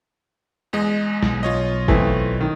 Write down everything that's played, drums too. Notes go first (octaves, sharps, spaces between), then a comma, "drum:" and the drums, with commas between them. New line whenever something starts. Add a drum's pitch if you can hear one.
E2 G#3 D#5
B1, drum: snare
F4 C#5 D#5
E3 A3 C4, drum: kick G1
D#3